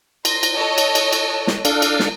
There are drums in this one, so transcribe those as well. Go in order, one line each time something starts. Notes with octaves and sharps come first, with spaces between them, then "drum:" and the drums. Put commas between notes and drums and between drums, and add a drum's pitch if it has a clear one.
C5 A#6, drum: cymbal
drum: cymbal
A4 C#5 D#5
drum: cymbal
drum: cymbal
drum: cymbal
drum: snare
D4 A4 F5, drum: cymbal
drum: cymbal
drum: snare